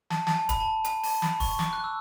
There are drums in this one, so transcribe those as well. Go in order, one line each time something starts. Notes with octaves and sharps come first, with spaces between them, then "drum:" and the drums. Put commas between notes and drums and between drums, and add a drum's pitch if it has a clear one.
A5, drum: snare
A5, drum: snare
G#5
B5, drum: kick, hi-hat
A5
G#5, drum: hi-hat
A5, drum: open hi-hat
B5, drum: snare
C#6, drum: kick, open hi-hat
D6, drum: snare
F#6
E6